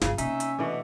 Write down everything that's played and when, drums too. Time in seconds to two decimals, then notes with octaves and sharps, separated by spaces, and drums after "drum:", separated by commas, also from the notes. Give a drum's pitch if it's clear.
0.01 G1 C#3 F4, drum: snare
0.18 C3 A#3 C#4 D#4 E5, drum: hi-hat
0.40 drum: hi-hat
0.59 B2 E3 A3 D4